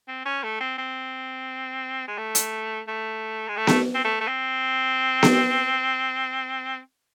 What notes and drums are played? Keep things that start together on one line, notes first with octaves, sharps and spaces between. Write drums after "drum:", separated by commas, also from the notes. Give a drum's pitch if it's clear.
C4
C#4
A3
C4
C4
G#3
A3
drum: hi-hat
A3
G#3
A3
drum: snare B3
C4
A3
A3
C4
drum: snare B3